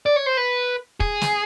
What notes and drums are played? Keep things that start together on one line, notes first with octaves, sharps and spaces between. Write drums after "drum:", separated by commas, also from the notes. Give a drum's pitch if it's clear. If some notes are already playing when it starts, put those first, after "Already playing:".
D5
C#5
C5
B4
G#4, drum: kick
drum: snare